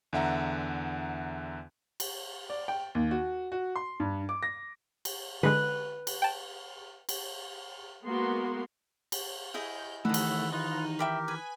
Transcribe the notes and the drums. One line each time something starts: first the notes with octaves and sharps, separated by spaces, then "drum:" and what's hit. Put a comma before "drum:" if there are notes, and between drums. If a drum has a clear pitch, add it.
E2 D3 E5 F#5 A#5
drum: cymbal
D5
G5
D#2
F#4
F#4
C6
G2
D6
A#6
drum: cymbal
D3 G#3 B4
drum: cymbal
G5 A5
drum: cymbal
G#3 A#3 B3 F#4 A#4 C6
drum: cymbal
E4 G#4 D#5 G6
D#3 E3 A3 F#5 B5 E6
drum: cymbal
D#4 F4 B4
G4 A#4 E5 G5 B5
B4 G#5 D#6